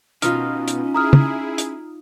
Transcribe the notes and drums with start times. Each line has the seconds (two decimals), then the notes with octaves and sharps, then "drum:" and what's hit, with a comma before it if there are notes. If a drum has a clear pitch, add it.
0.22 B2 C#4 D#4 F4 F6, drum: hi-hat
0.68 drum: hi-hat
0.94 E4 G#4 A#5 D#6 F6
1.13 drum: tom
1.58 drum: hi-hat